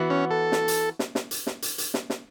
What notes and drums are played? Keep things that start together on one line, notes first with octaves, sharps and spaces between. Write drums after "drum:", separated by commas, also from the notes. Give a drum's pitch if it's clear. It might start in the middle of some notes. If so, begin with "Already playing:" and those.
Already playing: E3 B3 F#4
C#4
A4
drum: snare
drum: hi-hat
drum: snare
drum: snare
drum: hi-hat
drum: snare
drum: hi-hat
drum: hi-hat
drum: snare
drum: snare